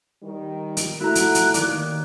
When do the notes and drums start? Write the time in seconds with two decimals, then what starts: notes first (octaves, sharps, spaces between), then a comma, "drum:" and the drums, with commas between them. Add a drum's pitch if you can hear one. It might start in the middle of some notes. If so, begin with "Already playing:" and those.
0.23 D#3 G3
0.77 drum: hi-hat
1.00 A3 E4 F#4 A#5 F#6
1.15 drum: hi-hat
1.35 drum: hi-hat
1.54 D#2 D#3 D5 D6, drum: hi-hat